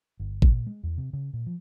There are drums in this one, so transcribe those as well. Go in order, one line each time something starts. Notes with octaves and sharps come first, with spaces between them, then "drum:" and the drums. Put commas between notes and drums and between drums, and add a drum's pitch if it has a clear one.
G1
drum: kick
A#2
G#3
E2
C3
C#3
A#2
F3